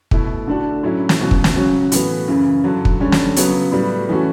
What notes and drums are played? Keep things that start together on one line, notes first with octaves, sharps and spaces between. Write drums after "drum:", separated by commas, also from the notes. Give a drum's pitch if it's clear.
B2 A3 E4, drum: kick
D3 A3 D4 F#4
A2 F#3 C#4 E4
drum: snare
C#2 B2 F#3
drum: kick
drum: snare
C#3 F#3 C#4 F#4
A2 E3 B3 F#4, drum: hi-hat
F#2 C#3 E3
G2 D3 F#3
drum: kick
D3 G3 C#4
drum: snare
C#3 F#3 B3, drum: hi-hat
A2 G3 B3 F#4
E3 A3 C#4 F#4